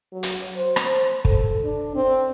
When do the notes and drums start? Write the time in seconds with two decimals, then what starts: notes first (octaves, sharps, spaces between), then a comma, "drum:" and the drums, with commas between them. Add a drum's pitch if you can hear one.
0.12 F#3
0.23 drum: hi-hat
0.56 C5
0.76 drum: rim click
0.86 C5
1.25 A4, drum: kick
1.64 D4
1.96 C4